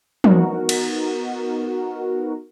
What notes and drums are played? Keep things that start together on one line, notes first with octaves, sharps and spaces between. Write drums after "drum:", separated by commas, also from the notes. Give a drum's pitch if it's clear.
B3 D#4 F#4 A#4, drum: tom
drum: cymbal